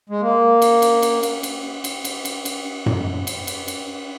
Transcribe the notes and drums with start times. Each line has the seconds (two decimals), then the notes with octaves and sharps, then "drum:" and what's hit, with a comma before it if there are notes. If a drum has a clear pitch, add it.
0.09 G#3
0.21 A#3
0.62 drum: cymbal
0.82 drum: cymbal
1.02 drum: cymbal
1.23 drum: cymbal
1.43 drum: cymbal
1.84 drum: cymbal
2.05 drum: cymbal
2.25 drum: cymbal
2.45 drum: cymbal
2.86 drum: tom F#2
3.27 drum: cymbal
3.47 drum: cymbal
3.68 drum: cymbal